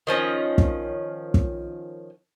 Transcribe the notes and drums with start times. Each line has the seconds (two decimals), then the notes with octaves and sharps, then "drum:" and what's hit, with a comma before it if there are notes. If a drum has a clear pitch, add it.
0.07 D#3 F3 C#4 D#5
0.58 drum: kick
1.34 drum: kick